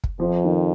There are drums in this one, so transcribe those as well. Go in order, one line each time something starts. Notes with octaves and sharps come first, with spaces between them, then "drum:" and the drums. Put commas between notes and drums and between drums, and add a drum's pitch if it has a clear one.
drum: kick
F2 F3
D#3